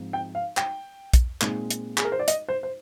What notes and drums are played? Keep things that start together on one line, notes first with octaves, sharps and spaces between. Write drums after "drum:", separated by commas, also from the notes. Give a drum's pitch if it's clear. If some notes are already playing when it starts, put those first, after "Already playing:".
Already playing: G#2 F3 C4 D#4
G5
F5
G5, drum: clap
drum: kick, hi-hat
A#2 G#3 C4 D#4, drum: clap
drum: hi-hat
G#4, drum: clap
A#4
C5
D5
D#5, drum: hi-hat
C5
C5